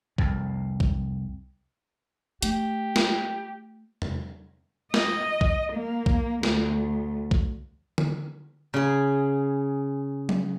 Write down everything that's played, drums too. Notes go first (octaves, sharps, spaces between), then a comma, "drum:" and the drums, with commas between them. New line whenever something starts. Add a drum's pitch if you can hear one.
C2 F2, drum: kick
drum: kick
A3 G4, drum: hi-hat
drum: snare
drum: tom
D#5, drum: snare
drum: kick
A#3
drum: kick
D2, drum: snare
drum: kick
drum: tom D3
C#3 G#4
drum: tom F#3